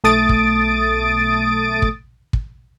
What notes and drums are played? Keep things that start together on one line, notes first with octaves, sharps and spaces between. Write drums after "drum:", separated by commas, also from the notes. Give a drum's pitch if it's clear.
B1 A3 D#6 A6 D7
drum: kick
drum: kick
drum: kick